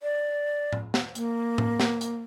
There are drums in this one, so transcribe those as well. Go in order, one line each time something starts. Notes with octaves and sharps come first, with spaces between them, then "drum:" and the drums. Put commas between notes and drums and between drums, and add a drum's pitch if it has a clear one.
D5
drum: tom A2
drum: snare
A#3, drum: hi-hat
drum: tom A2
drum: snare
drum: hi-hat